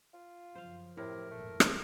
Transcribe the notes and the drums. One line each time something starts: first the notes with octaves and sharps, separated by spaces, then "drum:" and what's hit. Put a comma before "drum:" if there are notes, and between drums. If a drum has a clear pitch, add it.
F4
F#2 C#3 F3 C5 F5
A2 C3 E4 A#4
G#1 F2 A#2 A3
drum: rim click